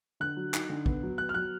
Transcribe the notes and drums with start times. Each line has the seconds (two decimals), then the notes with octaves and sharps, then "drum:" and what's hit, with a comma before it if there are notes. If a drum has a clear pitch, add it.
0.20 D3 F#6
0.37 F#3
0.54 D#4, drum: clap
0.70 D3
0.86 B3, drum: kick
1.03 F#3
1.18 B3 F#6
1.29 F6
1.34 F#3 F#6